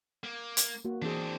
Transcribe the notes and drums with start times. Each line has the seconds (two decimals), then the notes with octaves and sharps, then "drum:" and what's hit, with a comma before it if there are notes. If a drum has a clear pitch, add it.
0.24 A#3
0.57 drum: hi-hat
0.85 A#3 F#4
1.02 E3 C4 D4 G#4